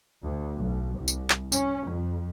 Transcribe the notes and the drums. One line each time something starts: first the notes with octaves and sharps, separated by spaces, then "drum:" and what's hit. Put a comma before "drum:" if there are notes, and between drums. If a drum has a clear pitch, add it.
D2
B1
C2
drum: tambourine
drum: clap
C#4, drum: tambourine
F2